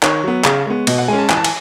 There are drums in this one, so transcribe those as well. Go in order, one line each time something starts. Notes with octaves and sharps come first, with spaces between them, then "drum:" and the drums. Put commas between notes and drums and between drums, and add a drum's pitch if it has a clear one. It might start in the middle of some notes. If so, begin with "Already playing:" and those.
D#3 C#5, drum: clap
F#3 B3
C#3, drum: clap
G#3 B3
B2 D#5, drum: cymbal
F#5
G#3 C#4 G#5
A5
E3 G#5, drum: clap
A5
G#5, drum: cymbal